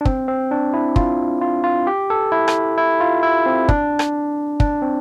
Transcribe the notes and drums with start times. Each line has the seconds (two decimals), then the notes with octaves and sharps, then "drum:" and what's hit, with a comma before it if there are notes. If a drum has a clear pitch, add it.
0.01 D4
0.05 C4, drum: kick
0.28 C4
0.51 D4
0.74 E4
0.96 F4, drum: kick
1.41 F4
1.64 F4
1.87 G4
2.10 A4
2.32 E4
2.48 drum: rim click
2.78 E4
3.01 F4
3.23 E4
3.46 C4
3.69 D4, drum: kick
3.99 drum: rim click
4.60 D4, drum: kick
4.82 C4